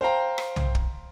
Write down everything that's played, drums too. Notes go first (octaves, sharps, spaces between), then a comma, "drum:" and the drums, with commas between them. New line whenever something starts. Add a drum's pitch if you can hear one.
C5 F5 G5 A#5
drum: rim click
drum: tom
drum: kick